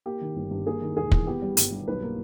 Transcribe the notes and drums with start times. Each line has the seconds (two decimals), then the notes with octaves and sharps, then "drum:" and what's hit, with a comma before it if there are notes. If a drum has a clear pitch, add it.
0.06 A#3 G4
0.21 D#3
0.36 G1
0.51 G2
0.66 A#3 G#4
0.81 D#3
0.96 E1 G#4
1.12 E2, drum: kick
1.27 B3 G4
1.42 G3
1.57 G1, drum: hi-hat
1.72 G2
1.88 B1 B4
2.03 A#3